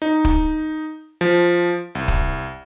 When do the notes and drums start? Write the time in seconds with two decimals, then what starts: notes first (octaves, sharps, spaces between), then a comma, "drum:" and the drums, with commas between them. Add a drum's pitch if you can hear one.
0.02 D#4
0.25 drum: kick
1.21 F3
1.95 C2
2.08 drum: kick